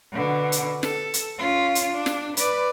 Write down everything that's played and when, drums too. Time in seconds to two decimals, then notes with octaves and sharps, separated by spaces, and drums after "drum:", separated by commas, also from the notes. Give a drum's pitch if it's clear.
0.12 B2 D3
0.52 drum: hi-hat
0.83 A4, drum: snare
1.14 drum: hi-hat
1.39 C#4 F4
1.75 drum: hi-hat
1.93 D4
2.06 drum: snare
2.37 B4 D5, drum: hi-hat